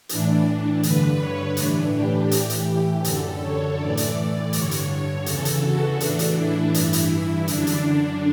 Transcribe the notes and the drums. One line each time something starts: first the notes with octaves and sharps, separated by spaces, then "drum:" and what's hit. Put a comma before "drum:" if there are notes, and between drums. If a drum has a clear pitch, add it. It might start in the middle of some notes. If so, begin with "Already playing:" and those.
A2 E3 D4, drum: hi-hat
G2 D3 B4, drum: hi-hat
C#5
A2 E3 D4, drum: hi-hat
G4
A2 E3, drum: hi-hat
drum: hi-hat
F#2 D3 A4, drum: hi-hat
C#5
A2 E3 D5
drum: hi-hat
D5
G2 D3 C#5, drum: hi-hat
drum: hi-hat
C#5
E2 C#3 E3 A4, drum: hi-hat
drum: hi-hat
F#4
A2 E3 D4, drum: hi-hat
drum: hi-hat
E4
G2 E3, drum: hi-hat
drum: hi-hat
F#2 D3 D4, drum: hi-hat
drum: hi-hat
D4